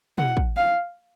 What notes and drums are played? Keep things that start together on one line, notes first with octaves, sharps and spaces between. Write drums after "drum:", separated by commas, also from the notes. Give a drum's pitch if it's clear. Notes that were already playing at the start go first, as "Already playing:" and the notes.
F#5, drum: tom
drum: kick
F5